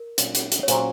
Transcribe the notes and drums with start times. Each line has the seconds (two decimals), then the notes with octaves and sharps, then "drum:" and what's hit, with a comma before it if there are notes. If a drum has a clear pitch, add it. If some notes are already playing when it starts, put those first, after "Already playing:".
Already playing: A#4
0.18 A#2 F#3 C#4, drum: hi-hat
0.35 drum: hi-hat
0.52 drum: hi-hat
0.63 C#5
0.68 A#2 F#3 C#4 C5, drum: hi-hat